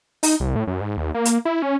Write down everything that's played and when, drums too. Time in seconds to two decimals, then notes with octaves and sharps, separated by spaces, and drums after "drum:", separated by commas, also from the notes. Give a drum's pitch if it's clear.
0.23 D#4, drum: open hi-hat
0.40 C2
0.56 A2
0.67 F#2
0.81 G#2
0.97 D#2
1.15 A#3
1.25 drum: hi-hat
1.45 E4
1.62 C#4